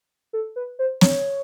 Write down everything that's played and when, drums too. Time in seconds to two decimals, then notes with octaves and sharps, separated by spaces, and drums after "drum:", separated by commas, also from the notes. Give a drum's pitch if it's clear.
0.33 A4
0.56 B4
0.79 C5
1.01 C#5, drum: snare